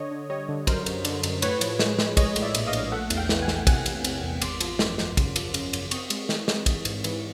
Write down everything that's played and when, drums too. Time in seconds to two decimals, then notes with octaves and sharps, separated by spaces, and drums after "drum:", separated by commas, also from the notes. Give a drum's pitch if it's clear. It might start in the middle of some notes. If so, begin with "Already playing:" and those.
Already playing: D3 C#5 D#5
0.11 D3
0.30 G3 C#5 D#5
0.49 D3
0.67 F#2 A#4 C5, drum: kick, cymbal
0.86 F#2, drum: cymbal
1.05 D3, drum: cymbal
1.23 F#2, drum: cymbal
1.42 A2 B4 C#5, drum: cymbal
1.61 F3, drum: cymbal
1.79 G#3, drum: snare
1.99 G#3, drum: snare
2.17 G#3 C#5 D#5, drum: kick, cymbal
2.36 A2, drum: cymbal
2.42 D5 E5
2.55 A#1, drum: cymbal
2.67 D#5 F5
2.73 A#1, drum: cymbal
2.92 A3 E5 F#5
3.10 E2, drum: cymbal
3.17 F5 G5
3.29 E3, drum: snare
3.42 F#5 G#5
3.48 E2, drum: snare
3.67 C3 F#5 G#5, drum: kick, cymbal
3.86 E3, drum: cymbal
4.04 C3, drum: cymbal
4.23 E2
4.42 G#1 C6 D6, drum: cymbal
4.61 F3, drum: cymbal
4.79 F#2, drum: snare
4.98 F3, drum: snare
5.17 C#3, drum: kick, cymbal
5.36 F3, drum: cymbal
5.54 C#3, drum: cymbal
5.73 F#2, drum: cymbal
5.91 C4 C#6 D#6, drum: cymbal
6.10 G#3, drum: cymbal
6.29 E3, drum: snare
6.48 G#3, drum: snare
6.66 E3, drum: kick, cymbal
6.85 G#2, drum: cymbal
7.04 E3, drum: cymbal